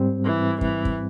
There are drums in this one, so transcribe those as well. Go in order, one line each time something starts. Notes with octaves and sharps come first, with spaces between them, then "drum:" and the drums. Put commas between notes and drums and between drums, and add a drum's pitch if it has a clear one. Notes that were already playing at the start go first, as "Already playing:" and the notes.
Already playing: G#2 G3 C4
E3
E3, drum: kick
drum: kick